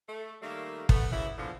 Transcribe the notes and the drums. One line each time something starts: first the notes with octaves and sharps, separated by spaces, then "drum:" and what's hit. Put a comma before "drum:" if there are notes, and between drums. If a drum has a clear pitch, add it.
A3
D#3 G3 A3 A#3
A3 B3, drum: kick
F#2 C#3 E3 E4
E2 A#2 D3 F3